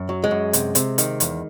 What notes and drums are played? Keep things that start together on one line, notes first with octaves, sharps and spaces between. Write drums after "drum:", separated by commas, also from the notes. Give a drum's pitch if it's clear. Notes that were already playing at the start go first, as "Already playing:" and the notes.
Already playing: F#2
F#3
G#3
F#2
C3, drum: hi-hat
C3, drum: hi-hat
D#3, drum: hi-hat
E2, drum: hi-hat